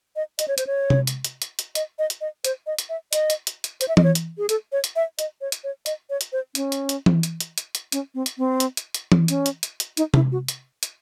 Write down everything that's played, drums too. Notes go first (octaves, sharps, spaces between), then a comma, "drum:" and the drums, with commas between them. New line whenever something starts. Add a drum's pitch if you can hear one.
D#5
D#5, drum: hi-hat
C#5
C5, drum: hi-hat
C#5
drum: tom C3
drum: hi-hat
drum: hi-hat
drum: hi-hat
drum: hi-hat
D#5, drum: hi-hat
D#5
drum: hi-hat
D#5
C5, drum: hi-hat
D#5
drum: hi-hat
E5
D#5, drum: hi-hat
drum: hi-hat
drum: hi-hat
drum: hi-hat
C5, drum: hi-hat
E5
D#5, drum: tom E3
C#5
drum: hi-hat
G#4
A4, drum: hi-hat
C#5
drum: hi-hat
E5
D#5, drum: hi-hat
C#5
drum: hi-hat
C#5
D#5, drum: hi-hat
C#5
drum: hi-hat
C5
C#4, drum: hi-hat
drum: hi-hat
drum: hi-hat
drum: tom E3
drum: hi-hat
drum: hi-hat
drum: hi-hat
drum: hi-hat
C#4, drum: hi-hat
C4
drum: hi-hat
C4
drum: hi-hat
drum: hi-hat
drum: hi-hat
drum: tom E3
C#4, drum: hi-hat
drum: hi-hat
drum: hi-hat
drum: hi-hat
D#4, drum: hi-hat
E4, drum: tom C3
F#4
drum: hi-hat
drum: hi-hat